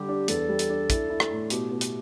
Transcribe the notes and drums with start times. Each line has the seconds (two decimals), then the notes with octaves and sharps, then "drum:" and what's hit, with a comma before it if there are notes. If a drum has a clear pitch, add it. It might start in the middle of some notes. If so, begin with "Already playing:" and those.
Already playing: D3 G3 G4
0.08 D4
0.28 E2 A4, drum: hi-hat
0.49 G3
0.59 drum: hi-hat
0.69 D4
0.90 E4, drum: kick, hi-hat
1.10 E4
1.20 drum: rim click
1.31 A2
1.50 B2 G4, drum: hi-hat
1.71 B2
1.81 drum: hi-hat